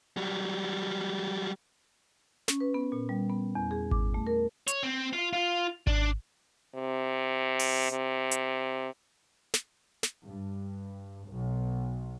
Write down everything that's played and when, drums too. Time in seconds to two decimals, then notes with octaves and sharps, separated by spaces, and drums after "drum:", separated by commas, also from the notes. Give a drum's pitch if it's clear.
0.17 F#3 G3
2.48 C#4, drum: snare
2.60 B4
2.74 B3
2.92 A#2
3.09 G3
3.30 B3
3.55 E2
3.71 G#4
3.91 D6, drum: kick G#1
4.14 A3
4.27 A#4
4.68 C#5, drum: hi-hat
4.83 C4
5.13 F4
5.33 F4
5.87 D4, drum: kick G#1
6.75 C3
7.59 drum: open hi-hat
7.91 C3
8.31 drum: hi-hat
9.54 drum: snare
10.03 drum: snare
10.25 G2
11.29 B1